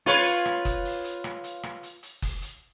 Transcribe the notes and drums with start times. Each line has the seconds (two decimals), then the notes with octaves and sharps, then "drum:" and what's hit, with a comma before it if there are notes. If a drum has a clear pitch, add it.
0.06 F4 B4 C#5, drum: hi-hat
0.26 drum: hi-hat
0.45 drum: rim click
0.65 drum: kick F#1, hi-hat
0.85 drum: open hi-hat
1.04 drum: hi-hat
1.24 drum: rim click
1.44 drum: hi-hat
1.63 drum: rim click
1.83 drum: hi-hat
2.03 drum: hi-hat
2.22 drum: kick F#1, open hi-hat
2.42 drum: hi-hat